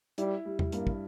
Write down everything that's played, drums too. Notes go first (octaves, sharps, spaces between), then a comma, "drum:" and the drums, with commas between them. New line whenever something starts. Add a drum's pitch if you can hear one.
G3 E4, drum: hi-hat
G3
drum: tom E2
G2 A#3, drum: hi-hat
drum: kick